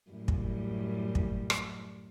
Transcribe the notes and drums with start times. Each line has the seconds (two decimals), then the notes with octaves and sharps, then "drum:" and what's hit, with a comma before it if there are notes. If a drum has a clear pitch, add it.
0.11 F#2 A2 G3
0.28 drum: kick
1.15 drum: kick
1.50 drum: rim click